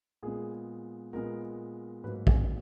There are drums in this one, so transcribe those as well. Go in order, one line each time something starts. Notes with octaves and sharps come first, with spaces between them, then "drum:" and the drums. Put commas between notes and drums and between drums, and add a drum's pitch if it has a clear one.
A#2 G#3 B3 G#4
A#2 G#3 B3 A#4
G#2 F#3 A#3 B4
G#5, drum: kick